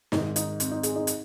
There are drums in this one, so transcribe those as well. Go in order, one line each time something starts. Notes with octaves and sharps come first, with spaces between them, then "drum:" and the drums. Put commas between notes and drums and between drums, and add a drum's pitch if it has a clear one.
G#1 G#2 D#3 D#4, drum: snare
D#4, drum: hi-hat
C4, drum: hi-hat
D#4
G#4, drum: hi-hat
D#4
drum: hi-hat